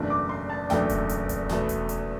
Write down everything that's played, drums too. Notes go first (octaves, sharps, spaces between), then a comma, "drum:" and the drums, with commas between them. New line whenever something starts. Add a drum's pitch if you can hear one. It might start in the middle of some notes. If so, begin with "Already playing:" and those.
Already playing: F#1 E2 B2 A3 D4
D6
C6
A5
F#1 E2 B2 A3 D4 G5, drum: snare
drum: kick D#1, hi-hat
drum: hi-hat
drum: kick D#1, hi-hat
E2 B2 A3, drum: snare
drum: kick D#1, hi-hat
drum: hi-hat